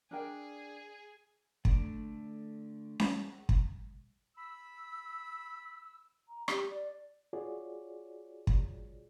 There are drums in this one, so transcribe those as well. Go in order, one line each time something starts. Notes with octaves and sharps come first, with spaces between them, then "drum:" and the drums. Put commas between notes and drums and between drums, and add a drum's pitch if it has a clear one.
D4 G#4 A#4 G5
D3 A3 D5, drum: kick
drum: snare C#4
drum: kick
B5 E6
A#5
G4, drum: rim click
D5
F4 F#4 G#4 C#5 D5
drum: kick